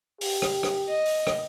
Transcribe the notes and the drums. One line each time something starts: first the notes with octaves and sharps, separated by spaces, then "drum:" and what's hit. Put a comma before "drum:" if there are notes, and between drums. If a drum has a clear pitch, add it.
G4, drum: open hi-hat
drum: rim click
drum: rim click
D#5
drum: open hi-hat
drum: rim click